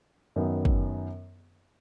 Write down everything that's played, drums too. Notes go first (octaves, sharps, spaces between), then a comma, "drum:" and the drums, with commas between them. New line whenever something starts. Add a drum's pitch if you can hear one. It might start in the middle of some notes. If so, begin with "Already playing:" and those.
F#2 D#3 F#3 B3
drum: kick